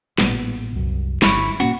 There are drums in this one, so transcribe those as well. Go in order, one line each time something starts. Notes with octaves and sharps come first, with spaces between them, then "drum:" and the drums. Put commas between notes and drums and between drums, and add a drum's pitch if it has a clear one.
A1 A#2 B3, drum: snare
C2 F#2
D1 G1 E4 C#6, drum: snare
A#2 A#3 C#4 F#4